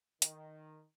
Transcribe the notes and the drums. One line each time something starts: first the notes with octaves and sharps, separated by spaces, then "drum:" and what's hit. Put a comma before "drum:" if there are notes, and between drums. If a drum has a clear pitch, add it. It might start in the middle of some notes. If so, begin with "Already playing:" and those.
D#3, drum: hi-hat